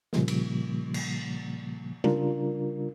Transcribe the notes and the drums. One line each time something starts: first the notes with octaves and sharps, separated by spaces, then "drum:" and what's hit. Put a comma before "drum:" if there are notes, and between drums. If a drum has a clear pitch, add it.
A#2 C#3 F3 G3 A#3, drum: snare
drum: cymbal
drum: cymbal
C#3 G3 D4 F4 A#4, drum: tom G3